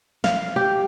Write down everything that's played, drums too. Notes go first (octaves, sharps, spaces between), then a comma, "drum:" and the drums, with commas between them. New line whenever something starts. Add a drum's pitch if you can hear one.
F5, drum: snare
G4